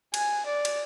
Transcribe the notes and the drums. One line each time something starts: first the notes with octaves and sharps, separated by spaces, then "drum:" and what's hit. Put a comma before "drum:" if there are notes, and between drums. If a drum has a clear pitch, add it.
G#5, drum: cymbal
D5
drum: cymbal